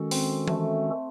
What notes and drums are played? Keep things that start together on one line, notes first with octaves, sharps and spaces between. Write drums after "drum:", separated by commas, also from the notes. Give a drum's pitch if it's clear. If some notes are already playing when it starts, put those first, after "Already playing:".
Already playing: D#3 G#3 C#4 F#4 A4
C4, drum: open hi-hat
A3, drum: tom E3